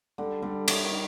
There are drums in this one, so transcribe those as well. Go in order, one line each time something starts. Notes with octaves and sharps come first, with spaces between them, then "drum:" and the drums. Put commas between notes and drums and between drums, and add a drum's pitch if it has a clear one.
D3 G3
D3 G3
D#3 G3, drum: cymbal
D#3
D#4